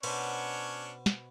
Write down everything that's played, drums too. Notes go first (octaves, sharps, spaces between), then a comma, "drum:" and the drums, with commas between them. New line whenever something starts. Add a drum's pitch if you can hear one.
B2 B3 C#4 D4 C5 C#5, drum: cymbal
drum: snare